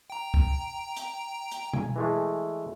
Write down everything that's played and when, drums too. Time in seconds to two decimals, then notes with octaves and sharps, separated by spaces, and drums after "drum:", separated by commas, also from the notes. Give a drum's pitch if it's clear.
0.10 G5 A#5
0.34 drum: kick
0.96 drum: hi-hat
1.51 drum: hi-hat
1.73 G#5, drum: tom B2
1.96 E3 G#3 A3